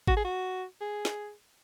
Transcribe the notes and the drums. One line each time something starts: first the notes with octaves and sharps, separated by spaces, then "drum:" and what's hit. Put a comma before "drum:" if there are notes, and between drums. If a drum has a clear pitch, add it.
F#4, drum: kick
G#4
F#4
G#4
drum: snare